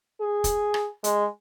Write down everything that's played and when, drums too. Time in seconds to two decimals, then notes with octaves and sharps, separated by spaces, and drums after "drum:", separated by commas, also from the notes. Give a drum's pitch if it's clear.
0.21 G#4
0.44 drum: kick, hi-hat
0.74 drum: rim click
1.04 G#3, drum: hi-hat